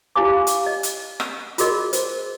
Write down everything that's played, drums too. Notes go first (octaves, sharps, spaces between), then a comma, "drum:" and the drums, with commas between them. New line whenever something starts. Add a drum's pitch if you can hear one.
E4 F4 G4 F5 G#5 D6
drum: hi-hat
D#5
drum: hi-hat
drum: rim click
F4 F#4 G#4 A#4 D#5, drum: hi-hat
C5, drum: hi-hat